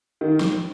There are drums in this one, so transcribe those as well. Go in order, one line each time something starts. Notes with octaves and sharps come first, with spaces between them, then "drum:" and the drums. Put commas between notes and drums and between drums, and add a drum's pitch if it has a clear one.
D#3
drum: snare